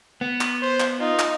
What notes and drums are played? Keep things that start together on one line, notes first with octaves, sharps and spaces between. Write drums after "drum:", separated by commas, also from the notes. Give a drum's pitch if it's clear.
B3
drum: clap
C5
drum: clap
D#4 F4
drum: clap